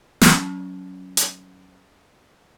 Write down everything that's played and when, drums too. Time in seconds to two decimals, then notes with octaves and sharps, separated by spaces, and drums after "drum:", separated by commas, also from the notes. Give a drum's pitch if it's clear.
0.21 F#3 C#4 F4, drum: snare
1.17 drum: hi-hat